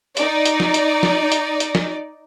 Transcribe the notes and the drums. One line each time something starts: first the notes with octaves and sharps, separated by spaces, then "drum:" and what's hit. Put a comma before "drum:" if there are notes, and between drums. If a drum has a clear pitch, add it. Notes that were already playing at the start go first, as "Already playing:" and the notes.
D#4 D5, drum: hi-hat
drum: hi-hat
drum: snare
drum: hi-hat
drum: snare
drum: hi-hat
drum: hi-hat
drum: snare